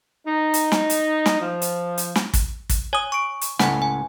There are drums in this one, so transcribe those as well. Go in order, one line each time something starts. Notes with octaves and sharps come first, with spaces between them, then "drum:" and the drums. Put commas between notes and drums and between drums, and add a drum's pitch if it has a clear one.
D#4
drum: hi-hat
drum: snare
drum: hi-hat
drum: snare
F3
drum: hi-hat
drum: hi-hat
drum: snare
drum: kick, hi-hat
drum: kick, hi-hat
C#5 G#5 D#6
C#6 D7
drum: hi-hat
C#2 A2 F#5 G#5, drum: snare
G#5